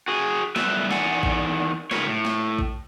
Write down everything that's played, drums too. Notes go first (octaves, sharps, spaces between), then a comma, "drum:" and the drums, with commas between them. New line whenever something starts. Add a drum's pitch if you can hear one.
F#4 G#4
F#2 G3 A3 B3 B4 E5, drum: snare
E2 D#3 D5 F#5 G#5, drum: snare
drum: kick A1
G#2 C#3 A#4 B4 C#5, drum: snare
A2
drum: snare
drum: kick A1